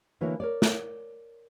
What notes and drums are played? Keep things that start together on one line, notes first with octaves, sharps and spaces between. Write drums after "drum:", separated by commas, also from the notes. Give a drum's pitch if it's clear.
D3 E3 A#3 E4 F#4 C#5
A#4 C#5 D5
drum: snare